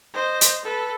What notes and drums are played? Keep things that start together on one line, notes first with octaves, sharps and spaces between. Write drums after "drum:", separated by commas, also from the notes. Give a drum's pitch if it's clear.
C5 D#5
drum: hi-hat
A4 B4